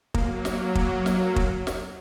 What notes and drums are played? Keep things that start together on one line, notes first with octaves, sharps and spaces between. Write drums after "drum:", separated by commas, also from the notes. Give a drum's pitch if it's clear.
F#3 A#3, drum: kick
drum: snare
drum: kick
drum: snare
drum: kick
drum: snare